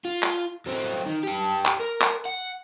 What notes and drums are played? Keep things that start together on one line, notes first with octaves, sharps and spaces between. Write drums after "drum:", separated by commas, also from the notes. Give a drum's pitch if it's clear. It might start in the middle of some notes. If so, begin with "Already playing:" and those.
F4
drum: clap
F#3 C4
D#3
G4 A5
drum: clap
A#4
drum: clap
F#5